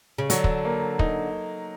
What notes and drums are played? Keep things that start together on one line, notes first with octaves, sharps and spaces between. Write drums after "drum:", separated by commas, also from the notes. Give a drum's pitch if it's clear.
C#3
D3 F#3, drum: hi-hat
drum: kick
A#3
D#4, drum: kick